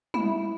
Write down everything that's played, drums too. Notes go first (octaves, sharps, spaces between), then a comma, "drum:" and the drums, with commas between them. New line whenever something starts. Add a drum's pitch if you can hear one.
E4, drum: tom G3